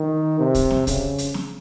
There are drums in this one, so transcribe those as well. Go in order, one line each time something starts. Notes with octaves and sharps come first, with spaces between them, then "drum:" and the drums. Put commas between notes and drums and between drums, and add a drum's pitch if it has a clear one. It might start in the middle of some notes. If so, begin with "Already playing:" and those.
Already playing: D#3
C3
drum: kick, hi-hat
drum: snare
C#3, drum: kick, hi-hat
drum: hi-hat
drum: snare